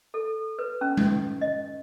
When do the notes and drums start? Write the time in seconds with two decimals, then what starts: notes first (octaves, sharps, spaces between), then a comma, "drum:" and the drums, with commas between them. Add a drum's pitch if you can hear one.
0.14 A4
0.59 B4
0.81 C#4
0.97 drum: tom G#3
1.41 D#5